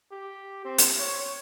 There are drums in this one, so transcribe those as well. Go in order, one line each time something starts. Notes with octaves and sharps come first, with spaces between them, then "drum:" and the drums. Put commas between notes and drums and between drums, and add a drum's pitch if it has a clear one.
G4
C4
drum: hi-hat
C#5